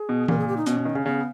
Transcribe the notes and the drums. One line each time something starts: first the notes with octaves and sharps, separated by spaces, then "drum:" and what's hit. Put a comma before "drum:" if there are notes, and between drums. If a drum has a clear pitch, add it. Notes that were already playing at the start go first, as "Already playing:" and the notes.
Already playing: G#4
B2
A#2 A#4, drum: tom E3
G#4
G4
D#4
B2 C#4, drum: hi-hat
B2
D#3
C#3
C#3 B3